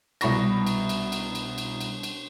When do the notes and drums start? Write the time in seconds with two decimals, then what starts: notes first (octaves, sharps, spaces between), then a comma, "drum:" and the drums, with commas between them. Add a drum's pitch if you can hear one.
0.21 C2 B2 E4 B5 C#6 A#6, drum: cymbal
0.67 drum: cymbal
0.89 drum: cymbal
1.12 drum: cymbal
1.35 drum: cymbal
1.58 drum: cymbal
1.81 drum: cymbal
2.03 drum: cymbal